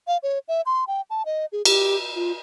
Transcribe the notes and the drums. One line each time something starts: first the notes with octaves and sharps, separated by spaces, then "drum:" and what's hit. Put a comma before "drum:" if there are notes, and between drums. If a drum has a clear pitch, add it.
F5
C#5
E5
C6
G5
A5
D#5
G#4
G4, drum: cymbal
F4